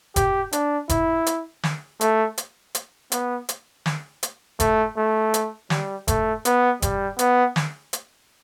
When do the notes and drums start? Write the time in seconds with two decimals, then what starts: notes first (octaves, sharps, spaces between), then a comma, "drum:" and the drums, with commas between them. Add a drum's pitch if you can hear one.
0.16 G4, drum: kick F1, hi-hat
0.52 D4, drum: hi-hat
0.89 E4, drum: kick F1, hi-hat
1.26 drum: hi-hat
1.63 drum: snare
2.01 A3, drum: hi-hat
2.38 drum: hi-hat
2.75 drum: hi-hat
3.12 B3, drum: hi-hat
3.49 drum: hi-hat
3.86 drum: snare
4.23 drum: hi-hat
4.60 A3, drum: kick F1, hi-hat
4.97 A3
5.34 drum: hi-hat
5.70 G3, drum: snare
6.08 A3, drum: kick F1, hi-hat
6.45 B3, drum: hi-hat
6.82 G3, drum: kick F1, hi-hat
7.19 B3, drum: hi-hat
7.56 drum: snare
7.93 drum: hi-hat